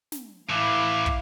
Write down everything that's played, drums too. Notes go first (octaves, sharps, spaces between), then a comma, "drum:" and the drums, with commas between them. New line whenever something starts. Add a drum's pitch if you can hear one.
drum: snare
A2 E3 E4 F5 D6
drum: kick